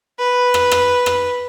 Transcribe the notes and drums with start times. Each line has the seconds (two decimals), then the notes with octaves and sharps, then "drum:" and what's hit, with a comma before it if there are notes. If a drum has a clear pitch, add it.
0.19 B4
0.54 drum: rim click
0.71 drum: rim click
1.06 drum: rim click